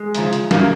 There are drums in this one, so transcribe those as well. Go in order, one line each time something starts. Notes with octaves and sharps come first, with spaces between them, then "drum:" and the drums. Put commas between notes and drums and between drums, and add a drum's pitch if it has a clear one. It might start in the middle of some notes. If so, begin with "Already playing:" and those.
Already playing: G#3
F#2 C#3 F3, drum: hi-hat
drum: hi-hat
C#3 F#3 A#3, drum: snare